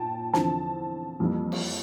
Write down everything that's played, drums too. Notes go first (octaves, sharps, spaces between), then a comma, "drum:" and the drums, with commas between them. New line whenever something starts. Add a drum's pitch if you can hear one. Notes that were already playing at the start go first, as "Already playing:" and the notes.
Already playing: A#2 A#3 G5 A5
E2 D3 F3 C4 A5, drum: snare
F2 E3 G3 A#3
drum: cymbal